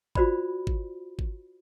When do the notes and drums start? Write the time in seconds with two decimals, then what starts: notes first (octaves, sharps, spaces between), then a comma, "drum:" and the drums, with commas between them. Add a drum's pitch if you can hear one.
0.15 F4 F#4 C5 D5 B5, drum: kick G#1
0.67 drum: kick G#1
1.19 drum: kick G#1